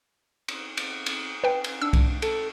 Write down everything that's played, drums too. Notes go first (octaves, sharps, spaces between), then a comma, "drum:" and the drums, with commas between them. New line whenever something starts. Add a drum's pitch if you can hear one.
drum: cymbal
drum: cymbal
drum: cymbal
B4 G5
drum: cymbal
D4 E6
drum: kick C2, cymbal
A4, drum: cymbal